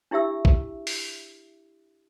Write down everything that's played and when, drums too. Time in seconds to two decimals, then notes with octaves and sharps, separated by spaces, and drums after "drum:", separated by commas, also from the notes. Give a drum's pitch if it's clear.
0.11 D4 E4 G4 E5 E6
0.45 drum: kick
0.87 drum: open hi-hat